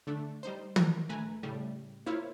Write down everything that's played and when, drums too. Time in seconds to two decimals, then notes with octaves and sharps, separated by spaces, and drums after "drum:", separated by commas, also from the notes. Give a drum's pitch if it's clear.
0.07 D3 A3 D4
0.43 G3 D#4 C5
0.76 A#4, drum: tom
1.09 A#1 A3 B4 G#5 A#5
1.43 A2 C#3 G3
2.06 A#3 E4 F4 C5 C#5 F5